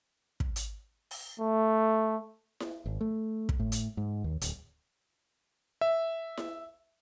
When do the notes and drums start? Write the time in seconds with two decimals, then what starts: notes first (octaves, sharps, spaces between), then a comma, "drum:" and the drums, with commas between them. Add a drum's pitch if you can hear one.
0.40 drum: kick
0.56 drum: hi-hat
1.11 drum: open hi-hat
1.39 A3
2.60 drum: snare E4
2.86 G#1
3.01 A3
3.49 drum: kick
3.60 A2
3.72 drum: hi-hat
3.97 G#2
4.24 D#2
4.41 D1, drum: hi-hat
5.81 E5
6.37 drum: snare E4